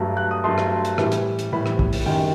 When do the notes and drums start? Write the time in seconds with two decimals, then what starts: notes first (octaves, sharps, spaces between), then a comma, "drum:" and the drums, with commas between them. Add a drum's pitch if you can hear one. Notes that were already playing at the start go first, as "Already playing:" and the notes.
Already playing: G2 F#3 A3
0.17 F#6
0.31 D#6
0.44 G2 F#3 A3 C6
0.58 drum: rim click
0.85 drum: hi-hat
0.98 A2 E3 G3, drum: rim click
1.12 drum: hi-hat
1.39 drum: hi-hat
1.52 A2 E3 G3 B5
1.66 drum: rim click
1.79 drum: kick
1.93 drum: open hi-hat
2.06 F#2 D#3 G3 G5